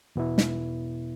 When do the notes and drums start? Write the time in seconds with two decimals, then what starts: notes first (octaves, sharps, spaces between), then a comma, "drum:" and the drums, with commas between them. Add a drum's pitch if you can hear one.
0.16 E2 B2 B3 E4
0.38 drum: snare